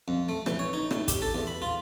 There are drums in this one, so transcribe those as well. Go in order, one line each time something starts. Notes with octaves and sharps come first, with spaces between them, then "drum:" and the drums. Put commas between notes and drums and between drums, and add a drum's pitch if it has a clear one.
F2
A3
E3, drum: rim click
C#5
D#4
A2, drum: rim click
G4, drum: kick, hi-hat
A4
E2
B5
F4